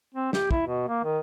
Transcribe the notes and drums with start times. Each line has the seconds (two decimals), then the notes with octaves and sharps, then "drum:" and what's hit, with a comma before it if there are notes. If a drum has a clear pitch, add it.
0.14 C4
0.33 G4, drum: snare
0.51 E4, drum: kick
0.67 B2
0.88 A#3
1.04 D#3